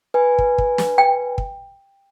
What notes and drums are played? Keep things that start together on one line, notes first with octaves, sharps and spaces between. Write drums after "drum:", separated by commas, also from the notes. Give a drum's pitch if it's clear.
B4 G#5
drum: kick
drum: kick
drum: snare
G5
drum: kick